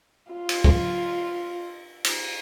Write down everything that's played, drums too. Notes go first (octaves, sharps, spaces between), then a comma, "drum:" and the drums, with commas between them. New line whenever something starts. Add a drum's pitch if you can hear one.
F4
drum: cymbal
drum: kick
drum: cymbal